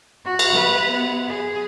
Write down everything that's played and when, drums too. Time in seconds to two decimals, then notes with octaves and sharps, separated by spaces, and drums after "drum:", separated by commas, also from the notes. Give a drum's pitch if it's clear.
0.25 F#4
0.39 drum: cymbal
0.54 B4
0.92 B3
1.29 G#4